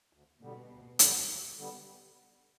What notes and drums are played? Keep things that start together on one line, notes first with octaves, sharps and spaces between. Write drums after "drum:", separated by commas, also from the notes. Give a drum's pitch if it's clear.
D2
B2 D3 G3 B3
D2
D3 G3 B3, drum: hi-hat
D2
D3 G3 B3